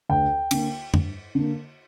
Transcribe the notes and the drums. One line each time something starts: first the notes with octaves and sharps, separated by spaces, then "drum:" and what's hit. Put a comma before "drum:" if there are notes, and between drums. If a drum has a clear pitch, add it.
D2 G5
D3 A#3, drum: cymbal
G2, drum: tom
D3 A#3